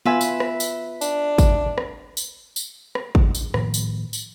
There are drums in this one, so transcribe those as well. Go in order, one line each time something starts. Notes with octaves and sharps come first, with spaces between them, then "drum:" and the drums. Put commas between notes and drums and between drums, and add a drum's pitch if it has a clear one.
B3 F4 B4 E5 G#5
drum: tambourine
drum: rim click
drum: tambourine
D4, drum: tambourine
drum: kick, tambourine
drum: rim click
drum: tambourine
drum: tambourine
drum: rim click
drum: kick
drum: tambourine
A2 D#3 F3 A#3, drum: rim click
drum: tambourine
drum: tambourine